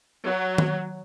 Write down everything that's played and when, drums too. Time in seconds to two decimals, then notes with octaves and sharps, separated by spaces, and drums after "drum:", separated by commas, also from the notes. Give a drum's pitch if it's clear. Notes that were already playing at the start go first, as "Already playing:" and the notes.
0.24 F#3
0.58 drum: tom D#3